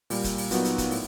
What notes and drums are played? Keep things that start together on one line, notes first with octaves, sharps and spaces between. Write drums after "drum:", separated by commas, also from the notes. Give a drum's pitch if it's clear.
A#2 G3 A#3, drum: open hi-hat
drum: kick, hi-hat
drum: open hi-hat
A#2 F#3 B3 D#4 F#4, drum: hi-hat
drum: hi-hat
drum: kick, hi-hat
A2, drum: open hi-hat